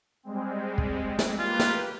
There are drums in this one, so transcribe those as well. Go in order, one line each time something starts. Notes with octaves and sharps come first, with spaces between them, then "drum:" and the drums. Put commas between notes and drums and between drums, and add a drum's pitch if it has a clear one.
G3 G#3 C4
drum: kick
drum: snare
A#3 F4 G4 B4
drum: snare